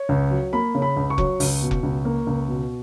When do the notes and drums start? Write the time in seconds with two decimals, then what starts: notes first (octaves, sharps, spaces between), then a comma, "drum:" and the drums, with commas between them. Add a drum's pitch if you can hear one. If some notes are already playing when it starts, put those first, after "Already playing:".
Already playing: C#5
0.09 C#2
0.31 F#3
0.53 A#3 B5
0.75 C#3
0.82 B5
0.97 C#2
1.10 C#6
1.18 F#3, drum: kick F1
1.40 C#2, drum: open hi-hat
1.62 B2
1.71 drum: kick F1
1.83 C#2
2.05 A#3
2.27 C#2
2.48 B2